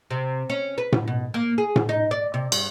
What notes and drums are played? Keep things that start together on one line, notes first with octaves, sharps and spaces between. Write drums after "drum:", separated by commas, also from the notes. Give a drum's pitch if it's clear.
C3
C#4
B4
drum: tom A2
B2
A#3
G#4
drum: tom A2
D#4
D5
C3
G2, drum: cymbal